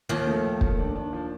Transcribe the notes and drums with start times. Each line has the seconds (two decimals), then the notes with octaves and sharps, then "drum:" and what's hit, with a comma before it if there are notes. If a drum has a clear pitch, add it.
0.09 D#2 D#3 F3
0.27 A3
0.44 F3
0.61 A3, drum: kick
0.79 D4
0.96 D4
1.13 F3